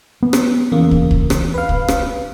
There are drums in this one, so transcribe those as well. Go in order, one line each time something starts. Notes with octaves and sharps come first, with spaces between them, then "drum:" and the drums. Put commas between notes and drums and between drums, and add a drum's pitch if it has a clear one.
B3
drum: rim click
E2 C#3 A#3
drum: kick
drum: kick
drum: rim click
B4 F5
drum: kick
drum: rim click